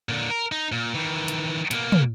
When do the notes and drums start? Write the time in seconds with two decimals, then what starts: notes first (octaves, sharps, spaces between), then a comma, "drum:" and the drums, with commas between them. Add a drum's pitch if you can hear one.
0.09 A#2 D3
0.30 A#4
0.52 D#4
0.72 A#2
0.94 D#3 E3
1.28 drum: hi-hat
1.71 B2 A#3, drum: hi-hat
1.92 drum: tom